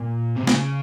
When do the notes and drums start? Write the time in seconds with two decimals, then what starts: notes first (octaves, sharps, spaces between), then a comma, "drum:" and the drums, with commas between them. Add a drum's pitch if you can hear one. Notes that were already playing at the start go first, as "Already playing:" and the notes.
Already playing: A#2
0.36 C3
0.47 C#3, drum: snare